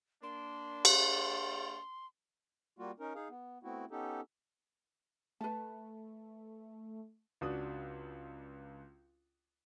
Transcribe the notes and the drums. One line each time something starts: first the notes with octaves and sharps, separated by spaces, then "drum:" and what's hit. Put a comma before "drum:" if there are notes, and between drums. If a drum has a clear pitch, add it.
A#3 D4 C6
drum: cymbal
G3 A#3 F4 F#4
C#4 D#4 A#4
D#4 G#4 F5
B3
A3 B3 C4 E4 F#4
B3 C#4 D#4 G4 A4
A3 B4 A5
C#2 D4 F#4 D#6